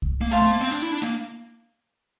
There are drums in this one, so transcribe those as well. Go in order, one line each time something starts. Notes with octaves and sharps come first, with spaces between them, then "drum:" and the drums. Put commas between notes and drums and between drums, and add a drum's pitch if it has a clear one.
drum: kick C2
A#3
A3 C5 F5 A5
A3
A#3
C4
D4, drum: hi-hat
E4
D4
A#3